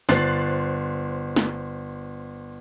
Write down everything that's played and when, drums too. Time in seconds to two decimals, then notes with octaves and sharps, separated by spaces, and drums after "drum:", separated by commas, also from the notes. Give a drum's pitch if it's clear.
0.09 G1 C5 F#6 A6 C7, drum: snare
1.36 drum: snare